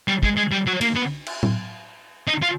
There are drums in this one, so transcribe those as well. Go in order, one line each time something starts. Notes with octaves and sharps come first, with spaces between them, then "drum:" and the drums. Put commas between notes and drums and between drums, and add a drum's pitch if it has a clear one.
G3
G#3, drum: kick
G#3
G3
F#3
A#3, drum: cymbal
B3
drum: cymbal
drum: tom
D#4
F4